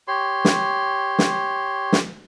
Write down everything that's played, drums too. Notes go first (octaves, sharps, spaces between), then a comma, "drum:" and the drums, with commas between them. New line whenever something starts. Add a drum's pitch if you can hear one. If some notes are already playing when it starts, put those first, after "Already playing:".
G4 C#5 C6
drum: snare
drum: snare
drum: snare